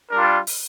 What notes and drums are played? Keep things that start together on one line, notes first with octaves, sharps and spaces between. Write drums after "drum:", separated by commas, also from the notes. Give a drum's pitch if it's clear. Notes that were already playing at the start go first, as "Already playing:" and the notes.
G3 D4 F4 A#4
drum: open hi-hat